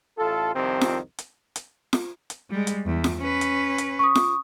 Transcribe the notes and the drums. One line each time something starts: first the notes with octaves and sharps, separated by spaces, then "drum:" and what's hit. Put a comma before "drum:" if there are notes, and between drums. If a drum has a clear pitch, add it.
A1 F4 A4
C2 F2 C3 D#3 C4
drum: snare F4
drum: hi-hat
drum: hi-hat
drum: snare F4
drum: hi-hat
G3 G#3
drum: hi-hat
E2
drum: snare F4
C#4 B4
drum: hi-hat
drum: hi-hat
C#6 D#6
drum: snare F4